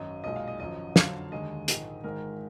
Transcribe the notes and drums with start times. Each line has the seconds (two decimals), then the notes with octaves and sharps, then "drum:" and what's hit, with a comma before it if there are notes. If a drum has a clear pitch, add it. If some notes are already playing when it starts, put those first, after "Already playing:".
Already playing: G#1 F#2 D#5
0.24 B1 A#2 G#3 D#5
0.36 F5
0.48 D#5
0.60 G#1 F#2 F3 D#5
0.96 F2 D3 F#3 F5, drum: snare
1.32 D#2 D3 G#3 D#5
1.68 A#1 G#2 D#3 G#3, drum: hi-hat
2.04 G#1 G#2 D#3 G#3 A#4